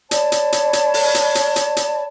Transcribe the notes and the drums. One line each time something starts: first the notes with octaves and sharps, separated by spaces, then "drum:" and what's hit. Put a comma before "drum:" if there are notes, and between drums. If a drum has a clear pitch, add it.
C#5 D5 A5 B5, drum: hi-hat
drum: hi-hat
drum: hi-hat
drum: hi-hat
drum: open hi-hat
drum: hi-hat
drum: hi-hat
drum: hi-hat
drum: hi-hat